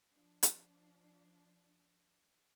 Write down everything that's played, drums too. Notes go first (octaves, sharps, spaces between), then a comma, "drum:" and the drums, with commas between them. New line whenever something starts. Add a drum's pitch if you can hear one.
F3 D4
drum: hi-hat